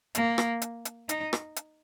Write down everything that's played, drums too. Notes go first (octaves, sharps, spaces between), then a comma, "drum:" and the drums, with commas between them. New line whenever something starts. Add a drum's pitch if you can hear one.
A#3, drum: hi-hat
drum: rim click
drum: hi-hat
drum: hi-hat
D#4, drum: hi-hat
drum: rim click
drum: hi-hat